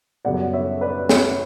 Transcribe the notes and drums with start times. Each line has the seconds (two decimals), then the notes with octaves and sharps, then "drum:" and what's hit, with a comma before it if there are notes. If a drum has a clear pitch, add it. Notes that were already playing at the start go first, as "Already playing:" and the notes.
0.25 F#2 C#3 G3 B3 D5 F#5
0.53 C#5 E5
0.81 B4 D5
1.09 C#5 E5, drum: snare